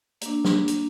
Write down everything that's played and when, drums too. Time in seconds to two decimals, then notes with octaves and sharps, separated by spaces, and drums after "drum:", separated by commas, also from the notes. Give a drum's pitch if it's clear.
0.21 A#3 D4, drum: hi-hat
0.45 drum: snare
0.68 drum: hi-hat